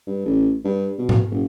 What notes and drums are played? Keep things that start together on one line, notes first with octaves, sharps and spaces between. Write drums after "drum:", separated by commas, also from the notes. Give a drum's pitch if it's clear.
G2
A1
G2
B2
drum: tom G#2
F#1